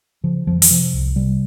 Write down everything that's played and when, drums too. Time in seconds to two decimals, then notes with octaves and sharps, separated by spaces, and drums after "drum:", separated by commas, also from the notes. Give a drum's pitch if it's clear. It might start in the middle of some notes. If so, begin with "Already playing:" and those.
0.24 C#3 F3
0.47 F2 F3
0.62 E3, drum: open hi-hat
0.70 C3 F3
0.94 C2
1.16 C3 G3